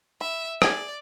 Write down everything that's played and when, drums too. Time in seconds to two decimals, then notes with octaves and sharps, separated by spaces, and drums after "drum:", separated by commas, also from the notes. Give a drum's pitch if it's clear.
0.21 E5 B5
0.62 G#4 D5 G#5, drum: rim click